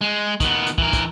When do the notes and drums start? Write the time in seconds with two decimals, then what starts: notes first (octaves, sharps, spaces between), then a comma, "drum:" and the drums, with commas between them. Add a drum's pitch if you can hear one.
0.01 G#3
0.40 D#3 B3, drum: kick, hi-hat
0.67 drum: hi-hat
0.78 E3 A#4, drum: kick
0.93 drum: kick, hi-hat